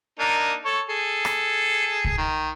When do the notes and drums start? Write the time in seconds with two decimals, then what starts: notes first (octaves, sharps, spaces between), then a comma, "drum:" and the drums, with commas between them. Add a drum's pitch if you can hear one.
0.19 A#3 D4 D#4
0.65 A4 C#5
0.90 G#4 A4
1.25 drum: rim click
2.05 drum: kick C2
2.18 D#3